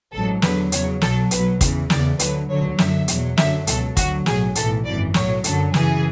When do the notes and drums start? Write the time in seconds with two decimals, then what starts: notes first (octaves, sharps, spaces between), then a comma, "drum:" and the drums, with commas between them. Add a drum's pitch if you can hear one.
0.13 A1 G#2 F#3 A4
0.42 E2 D3 F#3 B4, drum: snare
0.72 E2 C#3 F#3 C#5, drum: hi-hat
1.01 B1 B2 F#3 A4, drum: snare
1.31 B1 B2 F#3 B4, drum: hi-hat
1.61 E2 C#3 E3, drum: kick, hi-hat
1.90 E2 C#3 E3 D5, drum: snare
2.19 D2 D3 F#3 B4, drum: hi-hat
2.49 D2 D3 F#3 C#5
2.79 F#2 D3 F#3 E5, drum: snare
3.08 E2 B2 F#3, drum: hi-hat
3.37 F#2 D3 F#3 E5, drum: snare
3.67 C#2 B2 F#3 A4, drum: hi-hat
3.97 D2 D3 F#3 F#4, drum: kick, hi-hat
4.26 B1 A2 F#3 G#4, drum: snare
4.55 B1 A2 E3 A4, drum: hi-hat
4.85 G#1 F#2 E3 D5
5.14 B1 A2 F#3 C#5, drum: snare
5.44 F#2 D3 F#3 A4, drum: hi-hat
5.74 F#2 C#3 E3 G#4, drum: snare